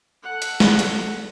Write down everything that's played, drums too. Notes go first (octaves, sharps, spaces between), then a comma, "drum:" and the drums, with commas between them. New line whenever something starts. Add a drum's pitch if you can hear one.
A4 F#5
drum: hi-hat
drum: snare
drum: hi-hat